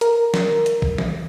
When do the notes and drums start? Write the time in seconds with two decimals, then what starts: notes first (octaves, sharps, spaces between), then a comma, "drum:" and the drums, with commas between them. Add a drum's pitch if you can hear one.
0.01 A#4, drum: hi-hat
0.34 drum: snare
0.66 drum: hi-hat
0.82 drum: kick
0.98 drum: tom E3